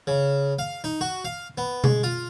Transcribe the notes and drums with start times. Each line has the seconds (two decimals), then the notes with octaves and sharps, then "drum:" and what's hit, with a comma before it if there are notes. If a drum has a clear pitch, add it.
0.07 C#3
0.59 F5
0.84 D#4
1.01 F#4
1.25 F5
1.58 B3
1.84 G#3, drum: tom B2
2.03 F4